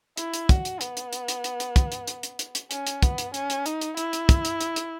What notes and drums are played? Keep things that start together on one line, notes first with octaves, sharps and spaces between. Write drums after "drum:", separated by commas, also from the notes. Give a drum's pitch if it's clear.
E4, drum: hi-hat
drum: hi-hat
F#4, drum: kick, hi-hat
drum: hi-hat
B3, drum: hi-hat
drum: hi-hat
drum: hi-hat
drum: hi-hat
drum: hi-hat
drum: hi-hat
drum: kick, hi-hat
drum: hi-hat
drum: hi-hat
drum: hi-hat
drum: hi-hat
drum: hi-hat
C#4, drum: hi-hat
drum: hi-hat
B3, drum: kick, hi-hat
drum: hi-hat
C#4, drum: hi-hat
drum: hi-hat
D#4, drum: hi-hat
drum: hi-hat
E4, drum: hi-hat
drum: hi-hat
drum: kick, hi-hat
drum: hi-hat
drum: hi-hat
drum: hi-hat